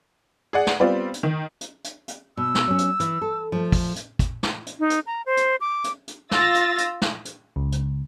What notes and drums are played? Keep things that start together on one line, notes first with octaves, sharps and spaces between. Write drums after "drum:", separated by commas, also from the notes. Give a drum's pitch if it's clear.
G#4 D5 F#5
drum: snare
G3 B3 C4 F4 D5
drum: hi-hat
D#3
drum: hi-hat
drum: hi-hat
drum: hi-hat
B2 E6
drum: snare
F#3 C#4
drum: hi-hat
E3, drum: hi-hat
A4
F3 A3
drum: kick, open hi-hat
drum: hi-hat
drum: kick, hi-hat
drum: snare
drum: hi-hat
D#4
drum: hi-hat
A#5
C5
drum: hi-hat
D6
drum: hi-hat
drum: hi-hat
F4 E6 A6 A#6, drum: snare
drum: hi-hat
drum: hi-hat
drum: snare
drum: hi-hat
C#2
drum: hi-hat